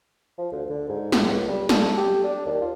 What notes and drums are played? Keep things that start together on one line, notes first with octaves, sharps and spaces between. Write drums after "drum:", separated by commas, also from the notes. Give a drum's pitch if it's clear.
F3
D2
D3
G#2
A2, drum: snare
C#2
G3
A4, drum: snare
G4
D4
D#2
F4